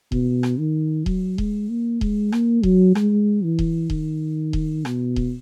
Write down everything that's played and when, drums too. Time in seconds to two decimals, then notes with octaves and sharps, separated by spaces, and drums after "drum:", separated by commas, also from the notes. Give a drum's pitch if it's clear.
0.12 B2, drum: kick D#1
0.43 drum: rim click
0.59 D#3
1.06 F#3, drum: kick D#1
1.38 G#3, drum: kick D#1
1.70 A#3
2.01 G#3, drum: kick D#1
2.32 A#3, drum: rim click
2.63 F#3, drum: kick D#1
2.95 G#3, drum: rim click
3.43 E3
3.59 drum: kick D#1
3.90 D#3, drum: kick D#1
4.53 drum: kick D#1
4.85 B2, drum: rim click
5.16 drum: kick D#1